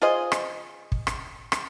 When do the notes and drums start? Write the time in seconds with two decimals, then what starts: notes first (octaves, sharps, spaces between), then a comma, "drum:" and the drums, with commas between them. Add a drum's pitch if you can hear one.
0.02 F4 G#4 C5 D#5
0.32 drum: rim click
0.92 drum: kick
1.07 drum: rim click
1.52 drum: rim click